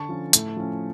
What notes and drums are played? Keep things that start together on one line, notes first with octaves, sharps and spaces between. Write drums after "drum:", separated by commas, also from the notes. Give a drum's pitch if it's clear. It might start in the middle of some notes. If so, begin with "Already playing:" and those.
Already playing: D3 A5 C#6
F3 C#4
A2, drum: hi-hat
F3 C#4